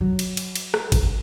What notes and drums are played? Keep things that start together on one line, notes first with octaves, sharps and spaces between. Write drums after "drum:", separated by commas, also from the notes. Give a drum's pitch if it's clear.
F#3
drum: cymbal
drum: cymbal
drum: cymbal
drum: rim click
drum: kick, cymbal